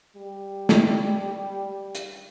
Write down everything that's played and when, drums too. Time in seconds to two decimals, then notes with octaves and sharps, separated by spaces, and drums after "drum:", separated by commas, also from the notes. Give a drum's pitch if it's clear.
0.17 G3
0.69 drum: snare
1.95 drum: hi-hat